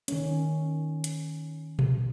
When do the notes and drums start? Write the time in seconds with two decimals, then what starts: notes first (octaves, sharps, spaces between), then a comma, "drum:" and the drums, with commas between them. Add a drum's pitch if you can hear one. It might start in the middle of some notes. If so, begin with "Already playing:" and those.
0.08 D#3 C#4, drum: hi-hat
1.04 drum: hi-hat
1.79 drum: tom A#2